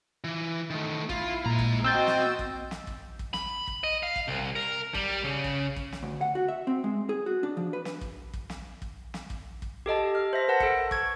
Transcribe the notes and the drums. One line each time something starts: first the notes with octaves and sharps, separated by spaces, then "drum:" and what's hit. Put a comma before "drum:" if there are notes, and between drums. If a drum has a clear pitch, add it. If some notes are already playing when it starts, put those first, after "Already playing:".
E3
D#3 A3
E4 F4, drum: kick
A#2 G#3 A#5
drum: kick
C4 F#4 D#5 G5 E6 G6 A6
drum: snare
drum: kick
drum: snare
drum: kick
drum: kick
B5, drum: snare
drum: kick
D#5
F5
drum: kick
C2
A#4
G3, drum: kick
C#3
drum: kick
drum: kick
drum: snare
D2
F#5
F#4
E5
C4
G#3
G#4
F#4
D4
F3
B4
drum: snare
drum: kick
drum: kick
drum: snare
drum: kick
drum: snare
drum: kick
drum: kick
G4 A4 D#5 A5
F6
C5 E5 A#6
A#4 B4 F#5 A5 A#6
A4 C#7, drum: kick
C#6 G#6, drum: kick